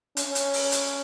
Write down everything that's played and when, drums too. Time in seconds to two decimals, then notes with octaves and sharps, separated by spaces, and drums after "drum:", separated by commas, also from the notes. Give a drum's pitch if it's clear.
0.17 C#4, drum: hi-hat
0.35 drum: hi-hat
0.53 drum: open hi-hat
0.72 drum: hi-hat